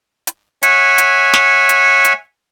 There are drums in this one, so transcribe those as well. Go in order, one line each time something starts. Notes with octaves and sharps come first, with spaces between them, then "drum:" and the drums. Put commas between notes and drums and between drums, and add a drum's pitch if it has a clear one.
drum: hi-hat
C#5 E5 F#5 G#5, drum: hi-hat
drum: hi-hat
drum: snare
drum: hi-hat
drum: hi-hat